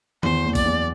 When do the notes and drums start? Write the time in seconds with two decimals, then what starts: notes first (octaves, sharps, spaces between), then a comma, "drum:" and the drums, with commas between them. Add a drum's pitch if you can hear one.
0.23 E2 C5, drum: tom D#3
0.44 F#1
0.55 D5, drum: kick A#1, open hi-hat
0.65 E2